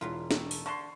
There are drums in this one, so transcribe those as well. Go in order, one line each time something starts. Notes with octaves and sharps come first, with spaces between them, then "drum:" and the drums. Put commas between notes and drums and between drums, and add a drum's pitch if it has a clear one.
E1 F#3 E4 F4
A3 G4, drum: snare
drum: open hi-hat
D3 A5 C6 C#6 C7